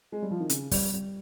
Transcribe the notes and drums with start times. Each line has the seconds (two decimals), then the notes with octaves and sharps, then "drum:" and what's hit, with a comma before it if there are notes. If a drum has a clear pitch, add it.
0.12 G#3
0.22 G3
0.31 F3
0.40 D#3
0.49 C#3, drum: hi-hat
0.71 G3, drum: kick, open hi-hat
0.94 G3